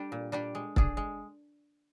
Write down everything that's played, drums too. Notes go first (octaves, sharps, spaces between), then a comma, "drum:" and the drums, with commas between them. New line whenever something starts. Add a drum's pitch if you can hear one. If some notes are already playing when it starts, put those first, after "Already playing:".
Already playing: G3 D4 G4
A#2
G3 D4 G4
G#3
D4 G#4, drum: kick
G#3